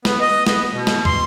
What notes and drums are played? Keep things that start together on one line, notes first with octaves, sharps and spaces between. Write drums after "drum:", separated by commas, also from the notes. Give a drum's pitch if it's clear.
B3, drum: snare
D#5
B3, drum: snare
B2
drum: snare
C6, drum: kick